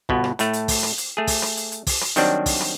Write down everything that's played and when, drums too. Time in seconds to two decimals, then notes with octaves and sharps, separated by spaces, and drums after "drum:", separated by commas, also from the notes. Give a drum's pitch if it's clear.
0.09 G1 B2 B3, drum: kick
0.24 drum: rim click
0.39 A2 A3, drum: hi-hat
0.53 drum: hi-hat
0.68 drum: kick, open hi-hat
0.83 drum: rim click
0.98 drum: hi-hat
1.17 A3 G#4
1.27 drum: kick, open hi-hat
1.42 drum: rim click
1.57 drum: hi-hat
1.72 drum: hi-hat
1.87 drum: kick, open hi-hat
2.01 drum: rim click
2.16 D#3 F#3 G3 C4 D4, drum: hi-hat
2.46 drum: kick, open hi-hat
2.61 drum: rim click